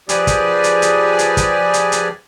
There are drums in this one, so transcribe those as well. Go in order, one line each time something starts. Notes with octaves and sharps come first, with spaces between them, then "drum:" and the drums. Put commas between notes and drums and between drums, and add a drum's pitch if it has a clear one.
F3 G4 G#4 B4 D5 G#5, drum: hi-hat
drum: kick, hi-hat
drum: hi-hat
drum: hi-hat
drum: hi-hat
drum: kick, hi-hat
drum: hi-hat
drum: hi-hat